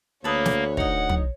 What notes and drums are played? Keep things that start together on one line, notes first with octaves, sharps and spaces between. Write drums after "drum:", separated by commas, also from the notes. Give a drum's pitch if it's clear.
D2 A#3 A4 B4 C#5 D#6
drum: snare
D#4 D#5 F#5, drum: kick
drum: tom